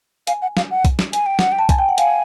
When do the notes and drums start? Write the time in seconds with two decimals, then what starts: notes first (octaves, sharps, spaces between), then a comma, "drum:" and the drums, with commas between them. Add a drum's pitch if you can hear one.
0.27 F5 G#5, drum: hi-hat
0.42 F#5
0.57 F5, drum: snare
0.71 F#5
0.85 drum: kick, hi-hat
0.99 drum: snare
1.13 G#5, drum: hi-hat
1.26 G5
1.39 F#5, drum: snare
1.52 G5
1.59 A5
1.69 G#5, drum: kick, hi-hat
1.79 G5
1.89 F#5
1.98 F5 G#5, drum: hi-hat